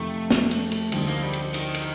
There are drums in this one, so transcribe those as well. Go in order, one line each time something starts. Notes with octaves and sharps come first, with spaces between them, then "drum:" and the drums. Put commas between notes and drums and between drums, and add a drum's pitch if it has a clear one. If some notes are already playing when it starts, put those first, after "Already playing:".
Already playing: F2 C3 D#3 A3
drum: snare
drum: cymbal
drum: cymbal
D2 D3 F3 G3 C4 D#4, drum: cymbal
A#3
G3
drum: cymbal
D#3, drum: cymbal
drum: cymbal